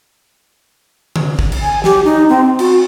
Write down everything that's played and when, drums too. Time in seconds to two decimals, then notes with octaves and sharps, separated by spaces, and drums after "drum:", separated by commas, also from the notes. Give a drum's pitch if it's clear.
1.16 drum: tom D3
1.39 drum: kick G#1
1.52 drum: cymbal
1.62 G#5
1.84 G4, drum: snare
2.05 D#4
2.29 C4
2.59 F#4, drum: cymbal